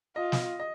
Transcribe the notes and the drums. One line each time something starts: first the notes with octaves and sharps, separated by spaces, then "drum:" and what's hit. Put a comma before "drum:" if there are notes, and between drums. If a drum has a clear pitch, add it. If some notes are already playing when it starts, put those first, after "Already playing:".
F4 D#5
drum: snare
D#5